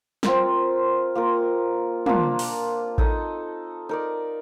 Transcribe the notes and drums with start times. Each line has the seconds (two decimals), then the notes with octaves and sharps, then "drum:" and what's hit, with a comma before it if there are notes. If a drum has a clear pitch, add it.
0.23 C4 F4 A#4, drum: snare
1.15 A#3 F4 A#4
2.06 A#3 D4 F4, drum: tom
2.39 drum: open hi-hat
2.98 D#4 A4 D#5, drum: kick A1
3.89 D#4 A#4 D5